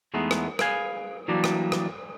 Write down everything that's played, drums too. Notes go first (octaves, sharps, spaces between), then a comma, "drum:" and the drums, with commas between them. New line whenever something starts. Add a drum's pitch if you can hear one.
E2 G#3 A3 B3 D#4
drum: rim click
G#4 B4 F5 G#5, drum: rim click
E3 F#3 G3 A#3 D4
drum: rim click
drum: rim click